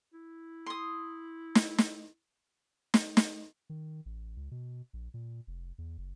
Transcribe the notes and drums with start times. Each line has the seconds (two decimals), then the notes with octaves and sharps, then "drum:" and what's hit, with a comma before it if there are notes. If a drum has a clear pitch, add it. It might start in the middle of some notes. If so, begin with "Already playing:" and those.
0.14 E4
0.66 C6 D#6
1.55 drum: snare
1.78 drum: snare
2.94 drum: snare
3.17 drum: snare
3.70 D#3
4.06 A1
4.37 C#2
4.51 B2
4.93 A#1
5.14 A#2
5.47 F1
5.78 E2
5.98 F#1